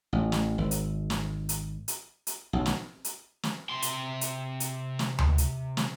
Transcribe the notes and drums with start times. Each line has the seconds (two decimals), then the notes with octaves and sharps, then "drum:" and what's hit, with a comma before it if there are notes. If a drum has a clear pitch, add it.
0.13 A1
0.32 drum: snare
0.58 G#1
0.71 drum: hi-hat
1.10 drum: snare
1.49 drum: hi-hat
1.88 drum: hi-hat
2.27 drum: hi-hat
2.53 B1
2.66 drum: snare
3.05 drum: hi-hat
3.43 drum: snare
3.70 C3 C6
3.82 drum: hi-hat
4.21 drum: hi-hat
4.60 drum: hi-hat
4.99 drum: snare
5.19 drum: tom D2
5.38 drum: hi-hat
5.77 drum: snare